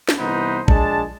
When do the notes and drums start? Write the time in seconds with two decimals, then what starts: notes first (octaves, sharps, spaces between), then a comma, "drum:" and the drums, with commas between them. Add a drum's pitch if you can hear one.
0.09 drum: snare
0.18 C2 E3 B3 D#4 B4 C5
0.68 A#1 G#3 D4 A5, drum: kick